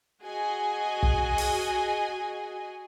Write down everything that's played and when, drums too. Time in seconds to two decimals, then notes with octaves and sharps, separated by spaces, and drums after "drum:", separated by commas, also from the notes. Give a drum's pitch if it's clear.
0.24 F#4 G#4 D#5 G#5
1.03 drum: kick
1.38 drum: open hi-hat